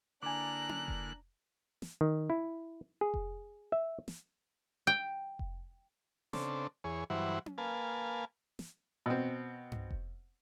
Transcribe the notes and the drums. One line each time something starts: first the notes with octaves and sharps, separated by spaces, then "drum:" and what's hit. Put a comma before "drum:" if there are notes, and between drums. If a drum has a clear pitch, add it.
D3 A#3 D4 E4 G#5 A#5 D6 F#6
drum: tom C#4
drum: kick F1
drum: snare
D#3
E4
G#4
drum: kick F1
E5
drum: snare
G5
drum: kick F1
C#3 C4 D4 A4, drum: snare
E2 G#4 C#5
G2 E3 F#3 E4 C5 F#5
drum: tom C#4
A#3 B4 F5 G#5 A5
drum: snare
B2 C4
drum: tom G2
drum: kick F1